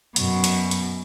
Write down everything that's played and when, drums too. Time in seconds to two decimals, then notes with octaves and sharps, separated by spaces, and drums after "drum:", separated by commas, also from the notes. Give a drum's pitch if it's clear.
0.16 F#2 B2, drum: hi-hat
0.44 drum: hi-hat
0.71 drum: hi-hat